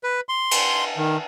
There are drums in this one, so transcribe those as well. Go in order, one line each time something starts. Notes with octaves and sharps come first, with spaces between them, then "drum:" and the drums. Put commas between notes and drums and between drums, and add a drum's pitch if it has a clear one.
B4
C6
drum: cymbal
D#3